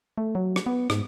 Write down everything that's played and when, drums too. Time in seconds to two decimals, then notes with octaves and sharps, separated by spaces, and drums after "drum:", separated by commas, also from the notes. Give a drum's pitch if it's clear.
0.18 A3
0.35 F#3
0.56 drum: rim click
0.66 B3
0.90 G#2, drum: rim click